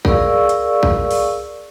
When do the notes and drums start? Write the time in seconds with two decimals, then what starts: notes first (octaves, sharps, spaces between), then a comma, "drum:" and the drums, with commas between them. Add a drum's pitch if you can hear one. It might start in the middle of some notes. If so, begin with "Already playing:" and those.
0.05 G#4 A#4 D5 F5 C#6 E6, drum: kick
0.49 drum: hi-hat
0.83 drum: kick
1.11 drum: open hi-hat